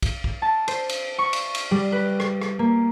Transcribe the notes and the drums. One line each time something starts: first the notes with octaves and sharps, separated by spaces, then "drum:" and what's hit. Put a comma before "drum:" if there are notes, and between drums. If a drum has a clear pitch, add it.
drum: kick, cymbal
drum: kick
A5
C5, drum: cymbal
drum: cymbal
C#6
drum: cymbal
drum: cymbal
G3
B4
drum: rim click
drum: rim click
A#3